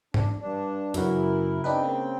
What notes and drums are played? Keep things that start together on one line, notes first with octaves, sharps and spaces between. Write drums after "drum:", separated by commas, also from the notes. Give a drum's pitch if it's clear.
D4, drum: tom G#2
G2 D4
F#2 C#3 E3 E4 F#4 A#4, drum: hi-hat
C#3 C4 D4 D#4 B4 G5
A#3